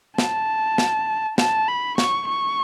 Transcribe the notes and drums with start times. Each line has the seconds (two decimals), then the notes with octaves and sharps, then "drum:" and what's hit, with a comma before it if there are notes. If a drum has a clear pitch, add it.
0.18 A5, drum: snare
0.78 drum: snare
1.38 A5, drum: snare
1.68 B5
1.98 C#6, drum: snare
2.29 C#6